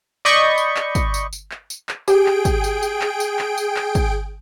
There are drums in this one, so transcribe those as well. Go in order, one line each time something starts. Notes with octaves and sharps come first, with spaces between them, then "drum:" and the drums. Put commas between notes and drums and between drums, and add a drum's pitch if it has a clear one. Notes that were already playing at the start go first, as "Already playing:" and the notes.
D5 D#5 B5 C#6 G6
drum: tambourine
drum: clap
drum: kick, tambourine
drum: tambourine
drum: tambourine
drum: clap
drum: tambourine
drum: clap
G4 G#4 G5 D7, drum: tambourine
drum: clap
drum: kick, tambourine
drum: tambourine
drum: tambourine
drum: clap
drum: tambourine
drum: clap
drum: tambourine
drum: clap
drum: kick, tambourine